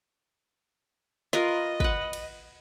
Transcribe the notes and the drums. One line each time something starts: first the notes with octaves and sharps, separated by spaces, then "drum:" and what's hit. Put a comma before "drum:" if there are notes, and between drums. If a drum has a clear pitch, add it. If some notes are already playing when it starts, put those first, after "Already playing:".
F4 A#4 B4 D#5, drum: snare
B4 F#5, drum: kick
drum: cymbal